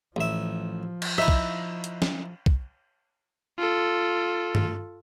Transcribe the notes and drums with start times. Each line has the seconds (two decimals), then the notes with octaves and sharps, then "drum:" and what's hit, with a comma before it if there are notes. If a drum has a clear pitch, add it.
0.16 A1 F3 E5
1.02 drum: cymbal
1.18 D#4 E4 E5
1.28 drum: kick
1.84 drum: hi-hat
2.02 drum: snare
2.46 drum: kick
3.59 F4 A4
4.55 drum: tom